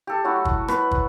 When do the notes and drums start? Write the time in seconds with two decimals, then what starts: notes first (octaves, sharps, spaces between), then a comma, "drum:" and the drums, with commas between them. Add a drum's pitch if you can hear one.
0.07 G4 A4
0.24 F#3 A3 E4 F#4
0.45 drum: kick
0.68 B4, drum: rim click
0.91 drum: kick